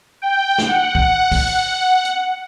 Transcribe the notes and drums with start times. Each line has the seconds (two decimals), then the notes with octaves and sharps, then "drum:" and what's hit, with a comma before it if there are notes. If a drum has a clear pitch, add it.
0.22 G5
0.58 drum: snare
0.68 F#5
0.95 drum: kick B1
1.32 drum: kick B1, open hi-hat
2.05 drum: hi-hat